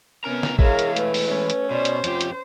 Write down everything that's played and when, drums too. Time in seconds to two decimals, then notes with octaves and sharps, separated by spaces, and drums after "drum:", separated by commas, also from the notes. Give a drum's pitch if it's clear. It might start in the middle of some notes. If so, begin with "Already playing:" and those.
0.24 C3 B3 C#4 A#4 A#5
0.43 drum: snare
0.59 E3 G#3 E4 G#4 A#4 C#5 F5, drum: kick
0.79 drum: hi-hat
0.96 A3 B4, drum: hi-hat
1.14 drum: open hi-hat
1.28 C#4
1.50 drum: hi-hat
1.71 B2 C5 D5
1.85 drum: hi-hat
2.04 F2 F4 G4, drum: hi-hat
2.21 drum: hi-hat